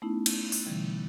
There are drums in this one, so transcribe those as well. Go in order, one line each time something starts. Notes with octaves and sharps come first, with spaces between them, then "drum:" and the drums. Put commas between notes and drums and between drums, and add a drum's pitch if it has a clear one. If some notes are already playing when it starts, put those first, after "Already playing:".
A3 B3 C#4 D#4 E4
drum: cymbal
drum: open hi-hat
B2 D3 E3 G3